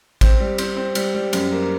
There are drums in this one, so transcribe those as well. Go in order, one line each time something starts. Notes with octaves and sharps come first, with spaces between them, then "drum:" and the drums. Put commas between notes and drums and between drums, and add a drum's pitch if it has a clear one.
C4, drum: kick A1, cymbal
G3
C4, drum: cymbal
C4
G3, drum: cymbal
G3
F#2, drum: cymbal
A#3